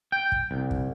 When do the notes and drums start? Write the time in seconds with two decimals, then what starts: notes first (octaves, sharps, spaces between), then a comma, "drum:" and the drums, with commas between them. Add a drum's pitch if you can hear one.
0.12 G5
0.32 drum: kick
0.51 C2
0.71 drum: kick